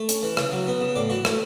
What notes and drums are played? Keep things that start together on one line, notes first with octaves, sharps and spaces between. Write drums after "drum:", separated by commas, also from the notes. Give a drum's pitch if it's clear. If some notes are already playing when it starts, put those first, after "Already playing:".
Already playing: A3
C#4, drum: hi-hat
E3
C#3, drum: rim click
F#3
B3
C#3
A2 D5
E3 F#4
A3 E4, drum: rim click